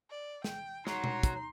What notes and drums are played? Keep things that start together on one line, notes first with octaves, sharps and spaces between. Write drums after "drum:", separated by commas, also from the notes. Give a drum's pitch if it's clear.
D5
G5, drum: snare
F#3 D#4 C6, drum: snare
drum: tom B2
drum: kick, hi-hat